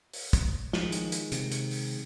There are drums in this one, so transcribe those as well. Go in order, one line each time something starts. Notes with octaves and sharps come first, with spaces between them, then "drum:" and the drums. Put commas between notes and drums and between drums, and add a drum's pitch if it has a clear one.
drum: open hi-hat
drum: kick, hi-hat
D#3 F3 G#3, drum: snare
drum: hi-hat
drum: hi-hat
C3, drum: hi-hat
drum: hi-hat
drum: open hi-hat